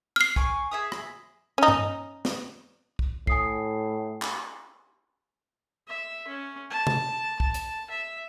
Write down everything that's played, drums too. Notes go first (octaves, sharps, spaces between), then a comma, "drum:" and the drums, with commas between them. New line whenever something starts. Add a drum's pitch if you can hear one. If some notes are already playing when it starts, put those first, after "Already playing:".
F6 C7
G#5 C#6 D6, drum: kick
G#4 E5 D#6
drum: rim click
C#4 D#4
drum: tom G2
drum: snare
drum: kick
A2 G#5 D#6 C7, drum: kick
drum: clap
E5
C#4
A5
drum: tom C3
A5, drum: kick
drum: hi-hat
E5